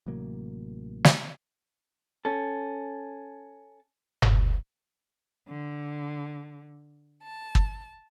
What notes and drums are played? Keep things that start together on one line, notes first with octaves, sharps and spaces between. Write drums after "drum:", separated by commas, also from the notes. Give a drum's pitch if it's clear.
A1 C3 F#3 A#3
drum: snare
C#4 A4
drum: tom F#1
D3
A5
drum: kick